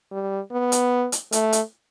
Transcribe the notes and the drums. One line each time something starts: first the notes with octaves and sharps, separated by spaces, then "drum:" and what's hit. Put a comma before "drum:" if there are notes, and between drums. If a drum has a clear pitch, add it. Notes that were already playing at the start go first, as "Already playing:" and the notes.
G3
B3
drum: hi-hat
drum: hi-hat
A3, drum: hi-hat
drum: hi-hat